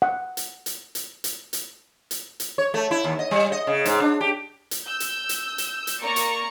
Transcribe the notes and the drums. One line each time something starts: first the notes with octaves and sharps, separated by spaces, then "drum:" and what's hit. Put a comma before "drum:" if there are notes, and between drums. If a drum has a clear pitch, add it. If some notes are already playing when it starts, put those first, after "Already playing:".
F#5
drum: hi-hat
drum: hi-hat
drum: hi-hat
drum: hi-hat
drum: hi-hat
drum: hi-hat
drum: hi-hat
C#5
A3
E4
D#2
D#5
G3
D#5
C#3
G#2, drum: hi-hat
D4
G4
drum: hi-hat
E6 G6
drum: hi-hat
drum: hi-hat
drum: hi-hat
drum: hi-hat
A#3 D5 A#5 C#6 C#7
drum: hi-hat